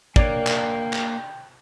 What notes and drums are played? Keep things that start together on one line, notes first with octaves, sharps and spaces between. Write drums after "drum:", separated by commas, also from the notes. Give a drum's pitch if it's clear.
A#3 D4 A#4 C#5 D5 G5, drum: kick
drum: clap
drum: clap